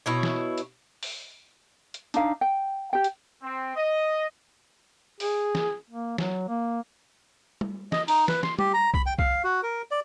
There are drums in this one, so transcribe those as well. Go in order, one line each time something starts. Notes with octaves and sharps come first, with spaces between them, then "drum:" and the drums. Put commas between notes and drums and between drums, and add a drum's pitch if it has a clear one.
B2 E4 C#5
drum: snare
drum: hi-hat
drum: open hi-hat
drum: hi-hat
D4 D#4 F5, drum: hi-hat
G5
G4 G5
drum: hi-hat
C4
D#5
G#4, drum: open hi-hat
drum: snare
A#3
F#3, drum: snare
A#3
drum: tom G3
D#5, drum: snare
D#4, drum: open hi-hat
B4, drum: snare
C6, drum: snare
G4, drum: tom G3
A#5
B5, drum: kick B1
G5
F5, drum: kick B1
F#4
A#4
D5